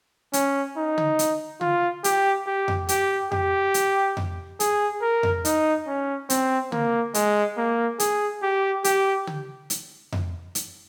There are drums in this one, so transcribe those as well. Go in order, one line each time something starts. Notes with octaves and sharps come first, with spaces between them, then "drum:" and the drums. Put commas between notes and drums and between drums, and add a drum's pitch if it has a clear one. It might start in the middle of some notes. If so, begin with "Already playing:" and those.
C#4, drum: hi-hat
D#4
drum: tom
drum: hi-hat
F4, drum: tom
G4, drum: hi-hat
G4
drum: tom F2
G4, drum: hi-hat
G4, drum: tom F2
drum: hi-hat
drum: tom F2
G#4, drum: hi-hat
A#4
drum: tom F2
D#4, drum: hi-hat
C#4
C4, drum: hi-hat
A#3, drum: tom
G#3, drum: hi-hat
A#3
G#4, drum: hi-hat
G4
G4, drum: hi-hat
drum: tom
drum: hi-hat
drum: tom F2
drum: hi-hat